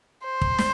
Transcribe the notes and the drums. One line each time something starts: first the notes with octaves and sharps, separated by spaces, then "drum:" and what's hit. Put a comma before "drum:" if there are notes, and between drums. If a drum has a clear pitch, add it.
C5
drum: kick
drum: snare